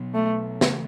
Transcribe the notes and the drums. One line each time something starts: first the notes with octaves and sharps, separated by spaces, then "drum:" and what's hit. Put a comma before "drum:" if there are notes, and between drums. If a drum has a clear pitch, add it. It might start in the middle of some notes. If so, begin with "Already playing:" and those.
Already playing: B2 F#3 B3
A3
C#3 E3 A3, drum: snare